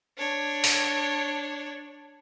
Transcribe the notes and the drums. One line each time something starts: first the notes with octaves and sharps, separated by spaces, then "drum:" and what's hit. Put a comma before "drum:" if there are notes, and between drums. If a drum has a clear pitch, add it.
D4 C#5
drum: open hi-hat